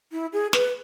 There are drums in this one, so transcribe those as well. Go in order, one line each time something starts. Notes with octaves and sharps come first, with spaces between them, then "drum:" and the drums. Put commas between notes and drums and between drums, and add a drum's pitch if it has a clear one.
E4
G#4
B4, drum: snare